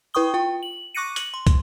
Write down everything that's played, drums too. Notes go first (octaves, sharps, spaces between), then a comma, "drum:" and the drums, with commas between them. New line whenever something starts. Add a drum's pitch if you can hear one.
E4 B4 G5 C#6 D#6 G7
F4 G5
F#7
C#6 D6 F#6 A#6 C#7 D#7
F#7, drum: hi-hat
C6
drum: kick, hi-hat